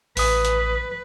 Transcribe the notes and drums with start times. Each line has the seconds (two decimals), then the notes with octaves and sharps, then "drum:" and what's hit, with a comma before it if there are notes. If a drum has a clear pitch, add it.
0.17 A1 B4 D#6, drum: open hi-hat
0.45 drum: hi-hat